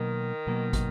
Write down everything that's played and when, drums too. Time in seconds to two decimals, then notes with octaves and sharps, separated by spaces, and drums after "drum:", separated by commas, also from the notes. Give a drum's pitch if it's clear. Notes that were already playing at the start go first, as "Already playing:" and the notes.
Already playing: B2 D#3 F#3 A#3
0.47 B2 F#3 A#3
0.73 drum: kick, hi-hat